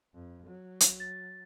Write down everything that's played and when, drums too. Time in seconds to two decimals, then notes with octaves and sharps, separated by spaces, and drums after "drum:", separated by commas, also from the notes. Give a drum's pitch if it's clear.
0.14 F2
0.47 F#3
0.80 drum: hi-hat
1.00 A6